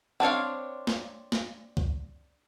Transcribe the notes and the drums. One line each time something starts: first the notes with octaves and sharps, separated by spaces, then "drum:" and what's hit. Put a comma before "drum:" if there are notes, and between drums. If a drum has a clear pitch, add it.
C4 D4 C#5 F5
drum: snare
drum: snare
drum: kick